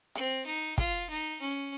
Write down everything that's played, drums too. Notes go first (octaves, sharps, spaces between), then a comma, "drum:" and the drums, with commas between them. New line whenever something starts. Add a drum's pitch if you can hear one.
C4, drum: hi-hat
D#4
F4, drum: kick, hi-hat
D#4
C#4